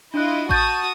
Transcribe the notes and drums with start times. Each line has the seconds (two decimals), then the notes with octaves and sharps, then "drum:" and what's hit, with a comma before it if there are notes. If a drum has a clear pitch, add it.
0.14 D4 E4 F4 D#5 F#6
0.49 F#4 A5 C#6 D#6 G6 A6, drum: kick A1